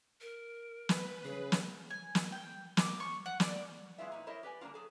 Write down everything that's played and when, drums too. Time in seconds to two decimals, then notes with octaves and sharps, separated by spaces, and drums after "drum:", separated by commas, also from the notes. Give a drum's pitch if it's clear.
0.21 A#4
0.89 B4, drum: snare
1.25 C#3 G#4
1.52 drum: snare
1.90 G#5
2.15 drum: snare
2.32 G5
2.77 D6, drum: snare
3.00 C#6
3.26 F#5
3.40 D5, drum: snare
3.98 G#3 A#3 B3 E4 F4 E5
4.12 A#2 B3 D#4 E4
4.27 E4 A#4 C5 C#5 D#5 E5
4.43 G4 B4 D5 G#5
4.61 D3 G3 A#3 D4 F4
4.74 F#3 G#4 A4